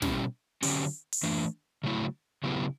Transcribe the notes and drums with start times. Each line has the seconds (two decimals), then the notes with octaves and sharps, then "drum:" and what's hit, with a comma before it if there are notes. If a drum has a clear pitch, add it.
0.02 B2 G3 C#4 E4 G4, drum: snare
0.63 D3 F#3 C#4 G4, drum: open hi-hat
1.12 drum: open hi-hat
1.23 E3 A3 D4
1.84 C#3 F#3 A3 E4
2.44 C#3 F#3 B3 E4 G4